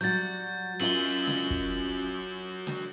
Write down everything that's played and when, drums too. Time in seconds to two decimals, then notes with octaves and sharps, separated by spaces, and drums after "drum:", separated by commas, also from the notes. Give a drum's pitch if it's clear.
0.01 F#3 G3 F#4 G6 A6
0.81 F#3 C#4 F4 A#4 D#5 F#7 G7
1.27 drum: snare
1.51 drum: kick
2.67 drum: snare